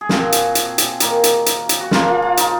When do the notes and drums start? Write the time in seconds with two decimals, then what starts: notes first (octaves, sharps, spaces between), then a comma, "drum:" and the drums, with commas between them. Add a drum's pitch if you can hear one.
0.01 G#4
0.09 A#2 F3 C4 F#4, drum: snare
0.32 drum: hi-hat
0.55 drum: hi-hat
0.78 drum: hi-hat
1.00 D#3 A#3 C#4, drum: hi-hat
1.24 drum: hi-hat
1.46 drum: hi-hat
1.69 drum: hi-hat
1.81 F#4
1.91 C#3 F3 A#3 C#4 F4, drum: snare
2.08 F4
2.22 F4
2.37 D#4, drum: hi-hat